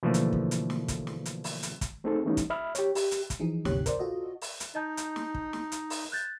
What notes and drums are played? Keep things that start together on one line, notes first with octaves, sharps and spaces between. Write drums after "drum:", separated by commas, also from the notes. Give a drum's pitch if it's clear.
B2 D3 E3 F3 A3 A#3
drum: hi-hat
drum: kick
drum: hi-hat
drum: snare
drum: kick, hi-hat
drum: snare
drum: hi-hat
drum: open hi-hat
drum: hi-hat
drum: kick, hi-hat
A3 C4 D#4 G#4 A4
E3 G3 A3 B3 C#4 D#4
drum: kick, hi-hat
D#5 E5 B5 F6
G4 C#5, drum: hi-hat
G4, drum: open hi-hat
drum: hi-hat
drum: kick, hi-hat
E3 F3 D#4 G#4
G1 D2 C3 G4 C#5 F#6, drum: snare
A#4 C5 D5, drum: kick, hi-hat
F4 F#4 A4 D#5
drum: open hi-hat
drum: hi-hat
D#4 D#5 A5 G6
drum: hi-hat
drum: snare
drum: kick
drum: snare
drum: hi-hat
drum: open hi-hat
F#6 G6 A6